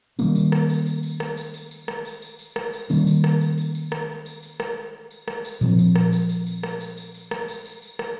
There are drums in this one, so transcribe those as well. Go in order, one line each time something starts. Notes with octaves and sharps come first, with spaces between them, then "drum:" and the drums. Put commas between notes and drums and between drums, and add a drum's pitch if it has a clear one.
D#3 G3 A#3 C#4, drum: tambourine
drum: tambourine
drum: rim click
drum: tambourine
drum: tambourine
drum: tambourine
drum: rim click
drum: tambourine
drum: tambourine
drum: tambourine
drum: rim click
drum: tambourine
drum: tambourine
drum: tambourine
drum: rim click
drum: tambourine
D#3 G3 A#3 C#4, drum: tambourine
drum: tambourine
drum: rim click
drum: tambourine
drum: tambourine
drum: tambourine
drum: rim click
drum: tambourine
drum: tambourine
drum: rim click
drum: tambourine
drum: rim click
drum: tambourine
A#2 F3 C4, drum: tambourine
drum: tambourine
drum: rim click
drum: tambourine
drum: tambourine
drum: tambourine
drum: rim click
drum: tambourine
drum: tambourine
drum: tambourine
drum: rim click
drum: tambourine
drum: tambourine
drum: tambourine
drum: rim click